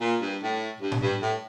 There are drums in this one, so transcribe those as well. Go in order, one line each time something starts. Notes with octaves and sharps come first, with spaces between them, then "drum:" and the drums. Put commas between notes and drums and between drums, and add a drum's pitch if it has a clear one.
A#2
G2
A2
G2
drum: tom A2
G2
A2